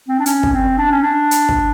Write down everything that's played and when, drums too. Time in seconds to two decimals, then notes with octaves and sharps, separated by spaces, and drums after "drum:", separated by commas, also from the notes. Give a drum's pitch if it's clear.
0.08 C4
0.20 D4
0.26 C#4, drum: hi-hat
0.43 drum: kick
0.53 C4
0.78 D4
0.91 C#4
1.03 D4
1.31 drum: hi-hat
1.49 drum: kick